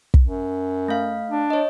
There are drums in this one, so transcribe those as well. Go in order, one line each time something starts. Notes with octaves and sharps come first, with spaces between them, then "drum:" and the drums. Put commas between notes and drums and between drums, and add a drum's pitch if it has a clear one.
drum: kick
F#2
A3 F5
D4
C#5 D#5